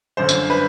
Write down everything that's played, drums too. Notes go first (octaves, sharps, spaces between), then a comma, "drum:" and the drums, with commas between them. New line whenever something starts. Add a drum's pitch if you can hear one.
G1 F#2 D3 C5
drum: tambourine
B4